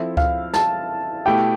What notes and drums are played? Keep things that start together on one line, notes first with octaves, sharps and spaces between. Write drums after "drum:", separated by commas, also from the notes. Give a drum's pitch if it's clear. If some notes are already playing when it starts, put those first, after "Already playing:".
Already playing: F3 C4 E4 A4 E5
F5, drum: kick C#2
A5, drum: snare
B2 A3 E4 G4 G5